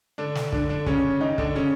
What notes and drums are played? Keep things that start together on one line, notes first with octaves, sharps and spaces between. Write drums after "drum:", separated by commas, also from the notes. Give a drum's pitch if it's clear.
D3 D4
drum: snare
D3 D4, drum: kick
D3 D4
C#3 C#4, drum: kick
D#3 D#4
D3 D4, drum: kick
C#3 C#4